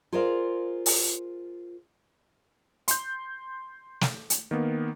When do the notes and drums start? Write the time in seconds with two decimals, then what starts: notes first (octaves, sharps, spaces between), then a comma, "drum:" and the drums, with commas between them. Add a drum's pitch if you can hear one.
0.13 F4 G#4 A#4 C5 D5 F5
0.86 drum: open hi-hat
2.88 C6 G6, drum: hi-hat
4.01 drum: snare
4.30 drum: hi-hat
4.51 D#3 A#3 B3